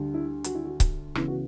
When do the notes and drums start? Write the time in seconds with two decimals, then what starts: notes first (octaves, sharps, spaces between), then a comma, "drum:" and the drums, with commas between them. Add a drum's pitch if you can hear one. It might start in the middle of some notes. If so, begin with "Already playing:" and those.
Already playing: D2 D3 G3
0.14 E4
0.44 F#4, drum: hi-hat
0.55 E4
0.65 F#4
0.80 drum: kick C#1, hi-hat
1.15 C#2 C#3 E3 B3 E4, drum: rim click
1.28 F#4